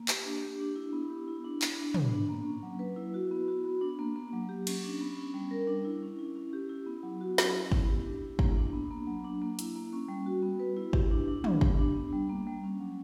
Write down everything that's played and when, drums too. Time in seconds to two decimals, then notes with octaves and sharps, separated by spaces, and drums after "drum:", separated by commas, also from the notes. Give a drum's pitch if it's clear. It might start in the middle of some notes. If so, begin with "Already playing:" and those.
Already playing: A#3
0.08 G4, drum: clap
0.25 D4
0.43 G4
0.60 D4
0.76 E4
0.93 B3
1.10 G4
1.28 E4
1.45 D4
1.62 B3, drum: clap
1.78 D4
1.94 B3, drum: tom
2.13 D4
2.29 A#3
2.47 C#4
2.63 F#3
2.79 B4
2.96 E4
3.14 F#4
3.31 B3
3.48 F#4
3.64 B3
3.81 D4
3.99 A#3
4.16 A#3
4.33 F#3
4.49 G4
4.67 C#4, drum: cymbal
4.83 D4
5.01 B3
5.17 C#4
5.34 G3
5.51 A#4
5.68 D4
5.85 E4
6.02 C#4
6.19 E4
6.36 C#4
6.53 G4
6.69 E4
6.86 B3
7.03 F#3
7.21 F#4
7.38 C#4, drum: snare
7.55 E4
7.72 B3, drum: kick
7.89 G4
8.05 D4
8.22 E4
8.39 A#3, drum: kick
8.57 D4
8.73 B3
8.91 A#3
9.07 F#3
9.24 D4
9.42 A#3
9.59 E4, drum: hi-hat
9.76 A#3
9.93 C#4
10.08 G3
10.26 F#4
10.42 B3
10.60 B4
10.77 E4
10.93 G4, drum: kick
11.11 D4
11.28 D4
11.44 B3, drum: tom
11.61 G4, drum: kick
11.79 D4
11.95 B3
12.13 G3
12.30 A#3
12.47 G3
12.64 C#4
12.80 F#3